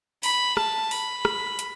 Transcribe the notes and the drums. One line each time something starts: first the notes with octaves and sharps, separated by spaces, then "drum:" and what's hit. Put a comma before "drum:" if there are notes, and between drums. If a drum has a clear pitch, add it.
B5, drum: open hi-hat
A5, drum: rim click
B5, drum: open hi-hat
drum: rim click
drum: hi-hat